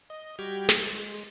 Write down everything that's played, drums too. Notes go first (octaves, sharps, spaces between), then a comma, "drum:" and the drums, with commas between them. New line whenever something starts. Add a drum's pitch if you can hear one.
D#5
G3 F#4 G4 G5 F6 G#6
drum: snare
G#3